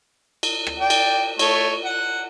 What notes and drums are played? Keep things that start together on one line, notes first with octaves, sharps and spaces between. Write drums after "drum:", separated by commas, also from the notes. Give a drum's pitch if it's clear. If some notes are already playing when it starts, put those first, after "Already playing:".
drum: cymbal
drum: rim click
D5 G5
drum: cymbal
A3 C#5, drum: cymbal
F#5